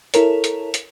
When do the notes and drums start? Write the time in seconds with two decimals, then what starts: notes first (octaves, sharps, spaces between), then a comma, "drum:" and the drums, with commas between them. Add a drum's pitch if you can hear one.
0.14 E4 A4 A#4 C#5, drum: hi-hat
0.44 drum: hi-hat
0.74 drum: hi-hat